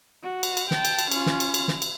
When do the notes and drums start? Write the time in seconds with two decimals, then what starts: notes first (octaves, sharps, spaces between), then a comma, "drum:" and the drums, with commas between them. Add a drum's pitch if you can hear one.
0.23 F#4
0.43 drum: cymbal
0.57 drum: cymbal
0.71 G5 A5, drum: snare
0.85 drum: cymbal
0.99 drum: cymbal
1.12 C#4 F4, drum: cymbal
1.26 drum: snare
1.40 drum: cymbal
1.54 drum: cymbal
1.68 drum: snare
1.82 drum: cymbal